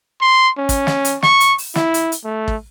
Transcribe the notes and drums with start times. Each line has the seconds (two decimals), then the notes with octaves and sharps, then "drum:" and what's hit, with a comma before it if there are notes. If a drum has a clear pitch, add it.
0.21 C6
0.58 C#4
0.69 drum: kick, hi-hat
0.87 drum: snare
1.05 drum: hi-hat
1.22 C#6, drum: snare
1.40 drum: hi-hat
1.58 drum: open hi-hat
1.75 E4, drum: snare
1.94 drum: hi-hat
2.12 drum: hi-hat
2.25 A3
2.48 drum: kick